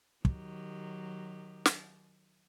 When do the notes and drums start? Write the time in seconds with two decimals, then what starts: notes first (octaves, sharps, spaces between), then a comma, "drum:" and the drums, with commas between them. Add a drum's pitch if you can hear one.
0.25 D#3 F#3 G4, drum: kick
1.66 drum: snare